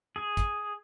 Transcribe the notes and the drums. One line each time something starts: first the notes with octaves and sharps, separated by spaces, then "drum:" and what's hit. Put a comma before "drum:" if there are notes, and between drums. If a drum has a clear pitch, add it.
G#4
drum: kick, hi-hat